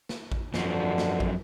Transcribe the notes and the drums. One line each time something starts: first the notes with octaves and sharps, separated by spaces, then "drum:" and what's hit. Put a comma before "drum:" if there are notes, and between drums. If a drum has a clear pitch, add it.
drum: snare
drum: kick A1
A#1 F#2 B2 D3 F3 F#3, drum: snare
drum: snare
drum: kick A1